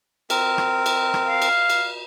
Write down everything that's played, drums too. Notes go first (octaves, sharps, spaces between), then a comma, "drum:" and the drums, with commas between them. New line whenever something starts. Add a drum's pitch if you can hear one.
C4 A#4, drum: cymbal
drum: rim click
drum: cymbal
drum: rim click
F5
drum: cymbal
drum: cymbal